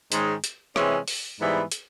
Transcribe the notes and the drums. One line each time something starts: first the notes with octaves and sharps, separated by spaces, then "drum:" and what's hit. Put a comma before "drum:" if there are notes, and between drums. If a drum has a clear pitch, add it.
G#2 D#3 G#3 C#4, drum: hi-hat
drum: hi-hat
C3 E3 G#3 C#4, drum: rim click
drum: open hi-hat
G#2 E3 G3 B3 E4
drum: hi-hat